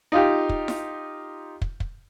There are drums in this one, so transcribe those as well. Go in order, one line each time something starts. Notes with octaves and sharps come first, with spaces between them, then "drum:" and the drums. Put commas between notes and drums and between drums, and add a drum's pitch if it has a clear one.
D#4 F4 G4
drum: kick
drum: snare E4
drum: kick
drum: kick